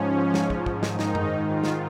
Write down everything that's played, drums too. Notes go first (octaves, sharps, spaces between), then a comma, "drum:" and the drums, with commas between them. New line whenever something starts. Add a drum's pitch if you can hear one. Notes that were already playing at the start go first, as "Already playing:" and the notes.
Already playing: G#2 F3 C#4
drum: snare
drum: kick
drum: kick
G#2 D#3 D#4, drum: snare
drum: snare
drum: tom F#2
F4
drum: snare